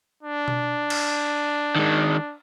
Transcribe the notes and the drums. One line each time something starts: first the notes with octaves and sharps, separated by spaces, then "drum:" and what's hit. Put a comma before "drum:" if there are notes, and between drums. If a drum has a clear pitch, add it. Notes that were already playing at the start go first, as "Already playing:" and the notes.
D4
drum: tom B2
drum: cymbal
D#3 G#3